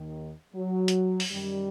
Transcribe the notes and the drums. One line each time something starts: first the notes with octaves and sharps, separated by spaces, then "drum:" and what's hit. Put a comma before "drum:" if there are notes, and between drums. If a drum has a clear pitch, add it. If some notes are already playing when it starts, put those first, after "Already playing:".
Already playing: D#2 D#3
F#3
drum: hi-hat
drum: open hi-hat
F#2 D#3 G3